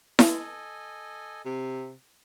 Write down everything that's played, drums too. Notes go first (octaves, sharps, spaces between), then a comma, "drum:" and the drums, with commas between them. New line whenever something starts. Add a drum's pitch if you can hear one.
A4 D#5 G#5, drum: snare E4
C3